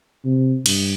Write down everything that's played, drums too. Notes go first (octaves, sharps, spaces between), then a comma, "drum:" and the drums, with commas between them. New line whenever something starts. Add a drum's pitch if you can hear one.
C3
G2, drum: cymbal